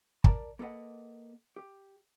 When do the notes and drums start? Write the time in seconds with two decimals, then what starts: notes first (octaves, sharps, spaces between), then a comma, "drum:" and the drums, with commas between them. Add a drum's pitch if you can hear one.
0.24 A#4 D5 A5 A#5, drum: kick
0.59 A#3 A4 B4 C#5 D#5 F#5
1.56 G4